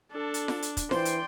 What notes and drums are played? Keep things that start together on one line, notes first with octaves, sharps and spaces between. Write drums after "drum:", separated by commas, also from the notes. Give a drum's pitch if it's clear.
D4 A4
drum: hi-hat
drum: snare F4
drum: hi-hat
drum: kick, hi-hat
E3 C5 D5 G5 C6, drum: snare F4
drum: hi-hat